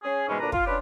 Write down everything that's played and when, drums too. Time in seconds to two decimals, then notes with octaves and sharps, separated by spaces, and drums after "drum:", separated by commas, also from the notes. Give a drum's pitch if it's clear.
0.03 C#4 G#4
0.28 G#2 B2 E3 G3 G#3 C#4
0.40 D2 A#2 D4 B4 A#5
0.52 F4, drum: kick
0.66 C#4 D4 F4 G4 B4